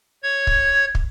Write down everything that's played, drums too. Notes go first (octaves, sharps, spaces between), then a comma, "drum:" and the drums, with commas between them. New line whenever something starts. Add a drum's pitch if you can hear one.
C#5 G#6
drum: kick
drum: kick